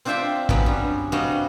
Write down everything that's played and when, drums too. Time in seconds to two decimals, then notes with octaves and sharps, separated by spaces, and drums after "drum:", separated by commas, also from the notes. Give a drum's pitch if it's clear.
0.05 C4 D4 F4 C5 E5 G5
0.49 F#3 B3 C#4, drum: kick
0.66 G2
1.12 G2 C3 G3 F#4 D#5 F5